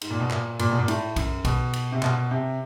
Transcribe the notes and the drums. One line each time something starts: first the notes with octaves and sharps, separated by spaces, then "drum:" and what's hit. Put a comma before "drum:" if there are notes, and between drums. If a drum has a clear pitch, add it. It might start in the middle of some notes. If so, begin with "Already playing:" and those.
G#2, drum: cymbal
A#2
B2
A#2, drum: clap
A#2, drum: cymbal
B2
A#2
A2, drum: cymbal
F#2, drum: kick, cymbal
B2, drum: kick, cymbal
drum: cymbal
C3
B2, drum: clap
C3